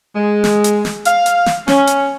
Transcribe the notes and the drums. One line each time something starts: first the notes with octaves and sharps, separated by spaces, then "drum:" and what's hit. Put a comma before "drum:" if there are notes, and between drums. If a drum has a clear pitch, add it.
G#3
drum: snare
drum: hi-hat
drum: snare
F5, drum: hi-hat
drum: hi-hat
drum: snare
C#4, drum: snare
drum: hi-hat